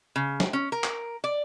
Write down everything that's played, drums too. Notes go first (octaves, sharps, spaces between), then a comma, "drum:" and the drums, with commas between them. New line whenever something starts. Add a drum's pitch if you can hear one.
C#3
drum: snare
C#4
A#4
drum: clap
D5